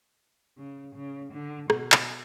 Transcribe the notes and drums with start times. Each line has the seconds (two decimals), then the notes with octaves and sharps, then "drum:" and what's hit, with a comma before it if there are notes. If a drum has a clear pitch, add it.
0.57 C#3
0.95 C#3
1.32 D3
1.70 B2, drum: rim click
1.92 drum: clap